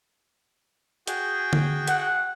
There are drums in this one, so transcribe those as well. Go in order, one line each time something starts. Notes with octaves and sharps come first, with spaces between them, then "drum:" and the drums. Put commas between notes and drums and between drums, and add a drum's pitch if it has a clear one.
F#4 G#4 G5, drum: hi-hat
drum: tom D3
F#5, drum: hi-hat